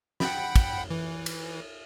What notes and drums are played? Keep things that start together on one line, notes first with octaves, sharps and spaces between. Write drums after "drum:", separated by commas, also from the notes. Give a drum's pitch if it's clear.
F#5 G5 B5, drum: snare
drum: kick, cymbal
E3
drum: cymbal